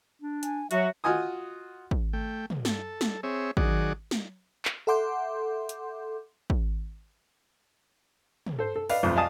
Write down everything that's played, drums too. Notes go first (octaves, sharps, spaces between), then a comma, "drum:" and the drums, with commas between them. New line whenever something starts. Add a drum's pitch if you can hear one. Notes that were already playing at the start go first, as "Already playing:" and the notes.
D4
G#5, drum: hi-hat
F#3 F#4 E5, drum: hi-hat
F4 F#4 D#5 G#5 D#6
drum: kick
A3 G5
drum: tom
A4, drum: snare
drum: snare
C4 G#4 C#5 E5
D#3 F#3 G#4 D5 F#5, drum: kick
drum: snare
drum: clap
A4 E5 F#5 C6 D6 G6
drum: hi-hat
drum: kick
drum: tom
A4 C5
A4
B4 D5 D#5 F5, drum: open hi-hat
B1 F2 F4 C5
D5 D#5 F5 G#5 A5 D#6